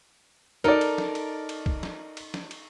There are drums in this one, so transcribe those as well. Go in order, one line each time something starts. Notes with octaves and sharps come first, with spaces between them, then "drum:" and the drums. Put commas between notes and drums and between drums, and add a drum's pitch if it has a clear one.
D#4 A4 A#4 D5
drum: cymbal
drum: snare
drum: cymbal
drum: cymbal
drum: kick
drum: snare
drum: cymbal
drum: snare
drum: cymbal